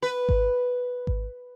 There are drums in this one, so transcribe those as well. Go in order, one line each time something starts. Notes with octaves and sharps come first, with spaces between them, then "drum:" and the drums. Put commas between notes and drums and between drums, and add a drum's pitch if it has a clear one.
B4
drum: kick G#1
drum: kick G#1